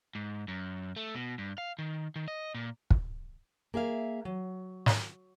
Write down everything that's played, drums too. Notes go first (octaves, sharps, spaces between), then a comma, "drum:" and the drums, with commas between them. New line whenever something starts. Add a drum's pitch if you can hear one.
G#2
F#2
A3
B2
G2
F5
D#3
D#3
D#5
A#2
drum: kick
A#3 G#4 E5 F5
F#3
drum: snare